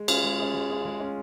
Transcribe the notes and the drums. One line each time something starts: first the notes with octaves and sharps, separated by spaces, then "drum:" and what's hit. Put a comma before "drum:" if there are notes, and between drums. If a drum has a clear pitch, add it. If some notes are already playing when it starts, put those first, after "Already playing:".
Already playing: G#3
C#4 F4 G#4, drum: cymbal
G#3
C#4 F4 G#4
G#3
C#4 F4 G#4
G#3
C#4 F4 G#4